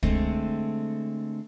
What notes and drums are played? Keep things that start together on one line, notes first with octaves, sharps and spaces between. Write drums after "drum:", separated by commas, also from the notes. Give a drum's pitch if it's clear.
D3 G#3 A3 C4, drum: kick